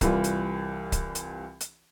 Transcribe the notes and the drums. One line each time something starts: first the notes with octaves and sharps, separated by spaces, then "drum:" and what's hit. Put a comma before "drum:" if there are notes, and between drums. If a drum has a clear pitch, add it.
C2 E3 G3 F4, drum: kick C#1, hi-hat
drum: hi-hat
drum: kick C#1, hi-hat
drum: hi-hat
drum: hi-hat